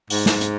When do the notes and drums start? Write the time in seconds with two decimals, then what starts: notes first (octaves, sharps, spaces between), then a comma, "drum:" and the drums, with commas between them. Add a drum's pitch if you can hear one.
0.10 G#2, drum: open hi-hat
0.26 drum: snare
0.41 drum: hi-hat